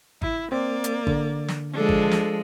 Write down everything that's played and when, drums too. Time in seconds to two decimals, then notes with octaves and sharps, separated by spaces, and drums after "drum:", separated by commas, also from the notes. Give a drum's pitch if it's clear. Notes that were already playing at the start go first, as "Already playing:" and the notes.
0.22 E4, drum: kick G#1
0.52 A#3 C4 D5
0.84 drum: hi-hat
1.07 D3, drum: kick G#1
1.48 drum: snare
1.73 F3 G#3 D4 A4
1.89 drum: kick G#1
2.11 drum: snare